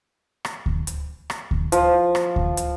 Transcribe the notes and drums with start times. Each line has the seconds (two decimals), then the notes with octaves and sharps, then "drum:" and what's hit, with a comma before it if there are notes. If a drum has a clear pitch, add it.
0.45 drum: rim click
0.66 drum: kick D2
0.87 drum: hi-hat
1.30 drum: rim click
1.51 drum: kick D2
1.72 F3, drum: hi-hat
2.15 drum: rim click
2.36 drum: kick D2
2.57 drum: hi-hat